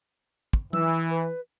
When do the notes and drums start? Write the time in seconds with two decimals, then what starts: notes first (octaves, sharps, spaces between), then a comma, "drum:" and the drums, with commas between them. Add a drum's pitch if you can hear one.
0.53 drum: kick
0.73 E3 E6, drum: tom F#3
1.10 B4